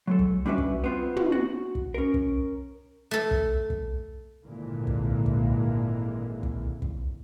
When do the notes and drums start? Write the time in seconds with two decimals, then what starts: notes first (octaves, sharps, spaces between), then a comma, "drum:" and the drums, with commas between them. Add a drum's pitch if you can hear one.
0.07 F#3 G#3 A4
0.19 drum: kick
0.46 G3 C#4 D4 F#4 B4 E5
0.58 drum: kick
0.84 B3 C4 F4
1.16 drum: tom
1.32 F#4
1.75 drum: kick
1.94 C#4 A#4
2.14 drum: kick
3.11 A3 A4
3.31 drum: kick
3.70 drum: kick
4.44 G#1 A#2 D3 E3 G#3 A#3
4.87 drum: kick
5.26 drum: kick
6.43 drum: kick
6.82 drum: kick